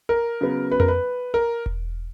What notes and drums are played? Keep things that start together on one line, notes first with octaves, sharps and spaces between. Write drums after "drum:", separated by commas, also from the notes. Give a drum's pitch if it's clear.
A#4
C#3 F#3 B3
B4
A#4, drum: tom F2
B4
A#4
drum: kick E1